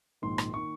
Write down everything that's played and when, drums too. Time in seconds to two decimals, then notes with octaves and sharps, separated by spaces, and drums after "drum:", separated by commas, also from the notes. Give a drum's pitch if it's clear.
0.22 A#1 G#2 D#3 A#3 C6
0.38 drum: rim click
0.54 D#3 A#3 C#6